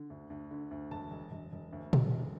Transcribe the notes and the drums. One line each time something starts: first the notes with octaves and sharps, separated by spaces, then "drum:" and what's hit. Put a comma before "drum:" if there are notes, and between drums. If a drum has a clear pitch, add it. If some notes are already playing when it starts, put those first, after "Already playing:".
Already playing: D3
D2
D2
D3
D2
E1 A5
E1
E1
E1
D2
E1, drum: tom A#2
E1